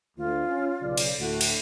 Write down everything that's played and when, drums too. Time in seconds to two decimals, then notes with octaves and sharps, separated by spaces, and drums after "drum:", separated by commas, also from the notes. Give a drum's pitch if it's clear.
0.18 D2 F4
0.46 C#4
0.82 B1 C#3 D5
0.97 drum: cymbal
1.19 D2 A2 F#4
1.41 drum: cymbal